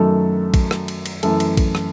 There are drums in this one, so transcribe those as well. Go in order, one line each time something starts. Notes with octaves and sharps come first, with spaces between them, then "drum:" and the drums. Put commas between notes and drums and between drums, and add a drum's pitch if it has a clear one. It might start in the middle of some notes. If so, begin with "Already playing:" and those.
Already playing: F#2 D#3 F#3 A3 A4
drum: kick A#1, cymbal
drum: rim click
drum: cymbal
drum: cymbal
F#2 E3 A3 A4, drum: cymbal
drum: cymbal
drum: kick A#1, cymbal
drum: rim click